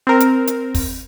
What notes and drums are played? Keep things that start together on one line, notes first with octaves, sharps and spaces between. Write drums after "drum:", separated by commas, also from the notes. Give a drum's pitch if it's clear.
C4 A#4
drum: hi-hat
drum: hi-hat
drum: kick, open hi-hat